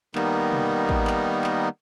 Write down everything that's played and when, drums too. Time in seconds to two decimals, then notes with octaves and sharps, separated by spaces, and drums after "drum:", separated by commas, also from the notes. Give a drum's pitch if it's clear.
0.15 D#3 G3 A#3 B3 D#4, drum: clap
0.52 drum: tom B2
0.89 drum: kick A1
1.07 drum: clap
1.44 drum: clap